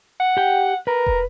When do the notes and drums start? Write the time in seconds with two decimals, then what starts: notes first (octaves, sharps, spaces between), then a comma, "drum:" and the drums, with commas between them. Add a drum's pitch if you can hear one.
0.20 F#5
0.37 G4 G5
0.87 A#4 B4
1.06 drum: kick